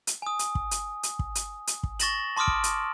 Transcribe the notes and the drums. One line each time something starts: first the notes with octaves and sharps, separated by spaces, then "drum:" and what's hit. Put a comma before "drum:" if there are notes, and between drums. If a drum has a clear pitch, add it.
drum: hi-hat
G#5 D#6
drum: hi-hat
drum: kick
drum: hi-hat
drum: hi-hat
drum: kick
drum: hi-hat
drum: hi-hat
drum: kick
C#6 A6 A#6 E7 F#7, drum: hi-hat
A5 C6 D6 D#6 F6 D7
drum: kick
drum: hi-hat